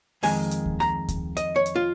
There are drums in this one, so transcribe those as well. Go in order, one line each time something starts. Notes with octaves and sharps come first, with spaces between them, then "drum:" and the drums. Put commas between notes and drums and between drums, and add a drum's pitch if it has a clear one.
F2 D#3 G#3 G#5, drum: open hi-hat
drum: hi-hat
drum: kick D2
A#5, drum: rim click
drum: kick D2, hi-hat
D#5, drum: hi-hat
C#5
drum: hi-hat
F4